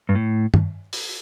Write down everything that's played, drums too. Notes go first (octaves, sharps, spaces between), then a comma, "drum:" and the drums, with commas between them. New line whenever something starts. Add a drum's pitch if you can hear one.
G2
A2
drum: tom G2
drum: open hi-hat